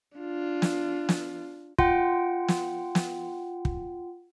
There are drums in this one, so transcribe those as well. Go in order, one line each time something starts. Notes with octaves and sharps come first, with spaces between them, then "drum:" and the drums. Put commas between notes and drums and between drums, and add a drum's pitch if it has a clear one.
D4 F4
drum: snare
drum: snare
F4 F#5 G5, drum: kick
drum: snare
drum: snare
drum: kick